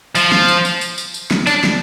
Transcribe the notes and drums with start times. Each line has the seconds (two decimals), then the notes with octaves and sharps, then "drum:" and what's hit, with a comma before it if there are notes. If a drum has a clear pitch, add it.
0.15 F3, drum: tambourine
0.32 drum: snare
0.48 drum: tambourine
0.65 drum: tambourine
0.81 drum: tambourine
0.98 drum: tambourine
1.14 drum: tambourine
1.31 drum: snare
1.47 D4, drum: tambourine
1.64 drum: snare